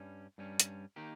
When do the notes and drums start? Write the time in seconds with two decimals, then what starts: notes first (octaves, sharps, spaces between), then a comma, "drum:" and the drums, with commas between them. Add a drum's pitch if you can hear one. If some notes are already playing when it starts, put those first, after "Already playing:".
Already playing: G2 G3 C#4
0.38 G2 G3 C#4
0.60 drum: hi-hat
0.96 D#3 A#3 D#4 G4